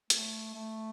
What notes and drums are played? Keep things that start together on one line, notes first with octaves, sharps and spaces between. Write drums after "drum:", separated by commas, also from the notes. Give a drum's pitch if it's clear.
A3, drum: hi-hat
A3